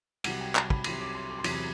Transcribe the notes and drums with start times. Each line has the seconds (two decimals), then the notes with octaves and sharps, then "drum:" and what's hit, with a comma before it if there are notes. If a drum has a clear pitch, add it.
0.24 C2 C3 F#3 F#5, drum: cymbal
0.40 G5
0.55 A5, drum: clap
0.70 B5, drum: kick
0.84 C2 C3 F#3 C6, drum: cymbal
1.00 D6
1.15 C6
1.30 D6
1.39 C6
1.44 E2 C3 F#3 D6, drum: cymbal